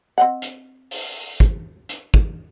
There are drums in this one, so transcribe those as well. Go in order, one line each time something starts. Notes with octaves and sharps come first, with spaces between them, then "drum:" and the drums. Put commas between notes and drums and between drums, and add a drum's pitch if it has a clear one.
C4 D#5 F#5
drum: hi-hat
drum: open hi-hat
drum: kick, hi-hat
drum: hi-hat
drum: kick